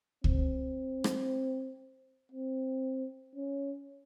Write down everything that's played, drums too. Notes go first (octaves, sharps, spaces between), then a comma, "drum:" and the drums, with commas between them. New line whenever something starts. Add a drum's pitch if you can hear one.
C4, drum: kick C#2
drum: rim click
C4
C#4